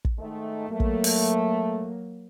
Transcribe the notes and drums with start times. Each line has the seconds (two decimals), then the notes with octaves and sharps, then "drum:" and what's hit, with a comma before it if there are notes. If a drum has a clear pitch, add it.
0.05 drum: kick
0.19 G#2 D#3 A3
0.70 F#3 A3 A#3
0.80 drum: kick
1.04 drum: open hi-hat